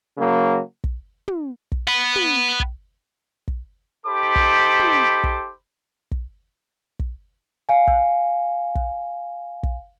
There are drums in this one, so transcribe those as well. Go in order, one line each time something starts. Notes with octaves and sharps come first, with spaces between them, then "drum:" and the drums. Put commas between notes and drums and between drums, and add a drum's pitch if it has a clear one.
C#3 F#3 A#3
drum: kick
drum: tom
drum: kick
F#5 B5
drum: tom
drum: kick
drum: kick
D#4 G4 A4 C5 B5 D6
drum: kick
drum: tom
drum: kick
drum: kick
drum: kick
F5 G#5
drum: kick
drum: kick
drum: kick